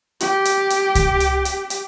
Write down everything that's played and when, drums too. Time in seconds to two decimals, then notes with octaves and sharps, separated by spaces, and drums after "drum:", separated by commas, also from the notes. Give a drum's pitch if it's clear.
0.20 G4, drum: hi-hat
0.45 drum: hi-hat
0.70 drum: hi-hat
0.95 drum: kick C#2, hi-hat
1.20 drum: hi-hat
1.45 drum: hi-hat
1.70 drum: hi-hat